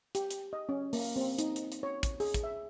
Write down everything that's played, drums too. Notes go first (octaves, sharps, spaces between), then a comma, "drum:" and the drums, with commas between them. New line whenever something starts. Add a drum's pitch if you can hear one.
G4, drum: hi-hat
drum: hi-hat
D#5
C#4
A#3, drum: open hi-hat
C4
D#4, drum: hi-hat
drum: hi-hat
drum: hi-hat
C#5
drum: kick, hi-hat
G#4, drum: open hi-hat
drum: kick, hi-hat
E5